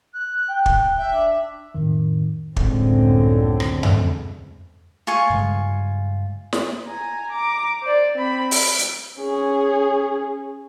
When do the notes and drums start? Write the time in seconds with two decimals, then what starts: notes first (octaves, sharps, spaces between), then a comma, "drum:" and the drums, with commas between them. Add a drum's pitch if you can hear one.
0.14 F#6
0.49 G5
0.66 drum: kick
0.97 E5 G5
1.14 D4
1.75 F2 A2 D#3
2.56 F#1 C#2 A2 D3 G#3 C4, drum: kick
3.60 drum: rim click
3.83 drum: tom F2
5.07 F4 G#5 C#6
5.30 G2 C#3 G#3
6.53 drum: snare
6.87 G#5 A#5
7.32 A#5 D6
7.82 C5 D5
8.14 C4 B5
8.51 drum: open hi-hat
8.78 drum: hi-hat
9.20 C#4 G#4